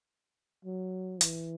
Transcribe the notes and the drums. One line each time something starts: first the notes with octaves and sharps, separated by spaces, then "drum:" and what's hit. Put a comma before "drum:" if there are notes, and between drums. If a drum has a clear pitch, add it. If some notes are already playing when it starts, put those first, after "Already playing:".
F#3
E3, drum: hi-hat